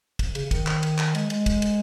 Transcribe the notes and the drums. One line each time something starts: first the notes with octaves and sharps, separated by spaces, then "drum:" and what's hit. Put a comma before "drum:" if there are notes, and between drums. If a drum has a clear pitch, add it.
drum: kick, cymbal
C#3, drum: cymbal
C#3
D#3, drum: kick, cymbal
drum: clap
drum: cymbal
drum: clap
G#3, drum: cymbal
G#3, drum: cymbal
drum: kick, cymbal
drum: cymbal